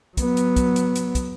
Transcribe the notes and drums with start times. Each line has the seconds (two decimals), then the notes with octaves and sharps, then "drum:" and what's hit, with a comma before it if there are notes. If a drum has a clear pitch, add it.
0.17 F#3 B3, drum: kick, hi-hat
0.37 drum: hi-hat
0.56 drum: kick, hi-hat
0.76 drum: hi-hat
0.95 drum: hi-hat
1.15 drum: kick, hi-hat